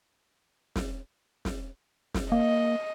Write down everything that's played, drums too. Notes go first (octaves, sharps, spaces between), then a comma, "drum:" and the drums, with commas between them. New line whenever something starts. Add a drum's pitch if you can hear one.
drum: snare
drum: snare
drum: snare
A#3 D#5